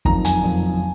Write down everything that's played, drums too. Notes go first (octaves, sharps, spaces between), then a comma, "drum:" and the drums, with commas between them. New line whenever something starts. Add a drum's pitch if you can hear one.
F#1 F2 D#3 A#5, drum: kick
G#5, drum: hi-hat
F#1 F2 D#3